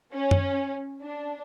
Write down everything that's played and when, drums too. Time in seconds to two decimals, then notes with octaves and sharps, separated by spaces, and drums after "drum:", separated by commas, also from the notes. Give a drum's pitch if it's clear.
0.13 C#4
0.31 drum: tom F#2
1.02 D4